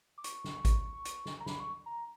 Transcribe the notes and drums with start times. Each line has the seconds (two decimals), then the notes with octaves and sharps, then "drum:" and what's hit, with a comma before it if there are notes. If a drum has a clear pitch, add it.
0.18 D6
0.24 C#6, drum: hi-hat
0.44 drum: snare
0.65 drum: kick G#1, hi-hat
1.05 drum: hi-hat
1.26 drum: snare
1.40 A#5
1.46 B5, drum: snare
1.60 C#6
1.86 A#5